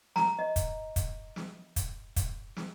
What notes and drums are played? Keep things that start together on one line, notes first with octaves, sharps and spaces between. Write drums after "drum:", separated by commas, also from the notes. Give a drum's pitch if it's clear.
A#5, drum: snare
D#5
drum: kick, hi-hat
drum: kick, hi-hat
drum: snare
drum: kick, hi-hat
drum: kick, hi-hat
drum: snare